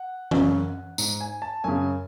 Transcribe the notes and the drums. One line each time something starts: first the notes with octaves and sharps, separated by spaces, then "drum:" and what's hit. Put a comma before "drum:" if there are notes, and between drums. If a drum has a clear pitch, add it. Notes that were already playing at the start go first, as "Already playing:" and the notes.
Already playing: F#5
F#2 C#3, drum: tom E3
G#2, drum: tambourine
G#5
A5
F#2 C#3 G#5